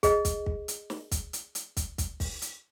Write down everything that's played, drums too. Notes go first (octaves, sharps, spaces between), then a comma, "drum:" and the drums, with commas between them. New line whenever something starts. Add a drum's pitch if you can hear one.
G#4 D#5, drum: kick, hi-hat
drum: kick, hi-hat
drum: kick
drum: hi-hat
drum: snare
drum: kick, hi-hat
drum: hi-hat
drum: hi-hat
drum: kick, hi-hat
drum: kick, hi-hat
drum: kick, open hi-hat
drum: hi-hat